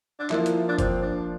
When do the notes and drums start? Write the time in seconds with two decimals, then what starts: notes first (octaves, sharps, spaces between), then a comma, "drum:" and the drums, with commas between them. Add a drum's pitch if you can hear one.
0.19 D4
0.30 F3 A#3 E4 F4, drum: clap
0.46 drum: hi-hat
0.68 D4
0.79 C4, drum: kick F#1, hi-hat
1.02 D4